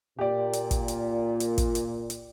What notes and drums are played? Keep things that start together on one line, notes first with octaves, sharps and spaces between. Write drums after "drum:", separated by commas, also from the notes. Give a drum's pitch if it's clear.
A#2 G4 D5
drum: hi-hat
drum: kick, hi-hat
drum: hi-hat
drum: hi-hat
drum: kick, hi-hat
drum: hi-hat
drum: hi-hat